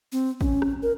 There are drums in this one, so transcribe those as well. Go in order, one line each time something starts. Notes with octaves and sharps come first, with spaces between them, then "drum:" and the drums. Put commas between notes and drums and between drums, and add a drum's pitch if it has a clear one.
C4
C#4, drum: kick
drum: rim click
A#4